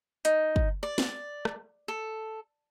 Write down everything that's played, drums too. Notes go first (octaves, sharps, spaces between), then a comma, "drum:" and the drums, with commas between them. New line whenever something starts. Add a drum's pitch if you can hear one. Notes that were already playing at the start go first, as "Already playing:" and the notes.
D#4, drum: hi-hat
drum: kick
D5
drum: snare
drum: rim click
A4